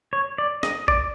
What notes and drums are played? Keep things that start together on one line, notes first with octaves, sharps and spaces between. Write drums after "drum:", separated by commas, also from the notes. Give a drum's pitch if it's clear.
C#5
D5
D#5, drum: snare
D5, drum: kick A1